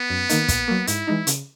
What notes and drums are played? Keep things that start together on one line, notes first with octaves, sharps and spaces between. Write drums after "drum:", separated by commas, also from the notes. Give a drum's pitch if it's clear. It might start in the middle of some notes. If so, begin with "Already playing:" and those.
Already playing: B3
F#2
D#3 A#3 D#4, drum: hi-hat
A#2, drum: kick, hi-hat
F#3 A#3
G#2 E4, drum: hi-hat
E3 G#3 D#4
C#3, drum: hi-hat